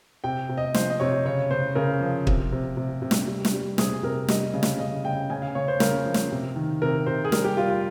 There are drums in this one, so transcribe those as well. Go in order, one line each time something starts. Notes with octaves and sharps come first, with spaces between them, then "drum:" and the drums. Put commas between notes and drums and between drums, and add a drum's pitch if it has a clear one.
C3 G5
C3
D#5
F3 C5, drum: snare
D#5
C3 C#5
C#3 C#5
C#3 C5
C#3 A#4
F3
C3, drum: kick
C3
C3
C3
drum: snare
G3
drum: snare
G3
C3 G#4, drum: snare
C3 A#4
G3 D#5, drum: snare
C#3
drum: snare
C#3 D#5
C#3 G5
C#3 G#5
F5
C#3 C#5
C5
C#3 A#4, drum: snare
F3
drum: snare
C3
D#3
C3 A#4
C3 C5
G#4
G3 A#4, drum: snare
G4
G3 F4
F4